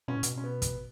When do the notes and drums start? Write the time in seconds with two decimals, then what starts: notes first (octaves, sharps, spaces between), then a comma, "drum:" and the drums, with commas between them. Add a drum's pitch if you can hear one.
0.08 B2 C#4
0.15 A2
0.23 B2, drum: hi-hat
0.38 C#4
0.44 B3
0.62 drum: kick, hi-hat